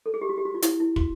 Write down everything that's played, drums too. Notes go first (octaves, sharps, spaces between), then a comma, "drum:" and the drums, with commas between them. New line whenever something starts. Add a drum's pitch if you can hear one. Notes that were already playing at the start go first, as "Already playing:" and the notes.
A4
G#4
G4
F#4
G4
F#4
F4
E4, drum: hi-hat
E4
F#4, drum: kick